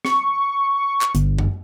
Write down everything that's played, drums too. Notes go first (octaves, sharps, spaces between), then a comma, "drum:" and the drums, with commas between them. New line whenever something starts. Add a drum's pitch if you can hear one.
C#6, drum: snare
drum: clap
G1, drum: hi-hat
drum: tom F#2